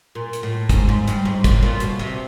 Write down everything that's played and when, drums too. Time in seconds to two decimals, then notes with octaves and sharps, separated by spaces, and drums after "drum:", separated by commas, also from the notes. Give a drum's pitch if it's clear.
0.15 A#2
0.33 drum: hi-hat
0.43 A2
0.69 G#2, drum: kick, hi-hat
0.89 G#2
1.08 G2, drum: hi-hat
1.25 G#2
1.44 A2, drum: kick, hi-hat
1.62 A#2
1.80 B2, drum: hi-hat
1.99 C3